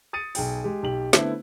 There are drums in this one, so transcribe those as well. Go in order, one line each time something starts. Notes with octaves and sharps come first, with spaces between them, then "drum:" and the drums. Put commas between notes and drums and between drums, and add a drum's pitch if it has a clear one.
D#6 A6 C#7 D#7
B1 G#4 G5, drum: open hi-hat
G#3 G4
B1 G4 F#7
D3 A3 B3 C4 E4, drum: snare